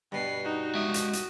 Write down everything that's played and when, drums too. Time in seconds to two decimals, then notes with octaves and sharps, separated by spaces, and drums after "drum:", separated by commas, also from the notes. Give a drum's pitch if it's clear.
0.12 G2 B2 B4 C7
0.45 D#4 F#4
0.75 G#3 E5 D#6
0.94 drum: hi-hat
1.13 drum: hi-hat